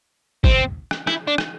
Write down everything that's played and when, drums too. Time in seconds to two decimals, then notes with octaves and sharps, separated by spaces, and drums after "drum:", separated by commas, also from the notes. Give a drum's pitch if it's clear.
0.44 C4, drum: kick
0.91 drum: rim click
1.07 E4, drum: rim click
1.28 D4
1.38 drum: rim click